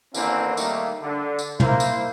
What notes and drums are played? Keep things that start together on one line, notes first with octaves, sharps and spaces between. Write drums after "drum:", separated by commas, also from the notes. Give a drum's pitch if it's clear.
A1 D#2 D3 E3 A#3 C4, drum: tambourine
D#3 G3 A3 A#3, drum: tambourine
D3
drum: tambourine
A#3 E4 C5, drum: tom
drum: tambourine